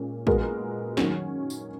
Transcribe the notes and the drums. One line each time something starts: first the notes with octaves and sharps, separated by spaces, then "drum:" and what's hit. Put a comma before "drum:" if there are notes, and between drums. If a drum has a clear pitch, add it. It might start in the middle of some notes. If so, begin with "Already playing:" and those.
Already playing: A#2 G#3 C#4
A#2 G#3 B3 F#4 A#4, drum: kick
D#3 F#3 C#4, drum: snare
drum: tambourine